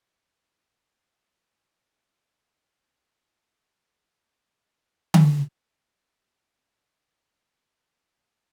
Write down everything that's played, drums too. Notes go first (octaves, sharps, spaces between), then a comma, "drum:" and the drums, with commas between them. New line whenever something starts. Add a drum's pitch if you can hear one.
C7
B6
E6
D#6
G6
F7
G7
D6
D7
F#3
drum: tom D3
C4
A1
C#4
C#5
F#3
A2
E2
G#4
G1
C3
E5